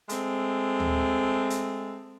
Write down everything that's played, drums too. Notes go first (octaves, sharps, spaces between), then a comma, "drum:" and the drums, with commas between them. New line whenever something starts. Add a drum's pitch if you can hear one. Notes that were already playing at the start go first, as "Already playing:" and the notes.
G#3 A3 C4, drum: hi-hat
drum: tom D2
drum: hi-hat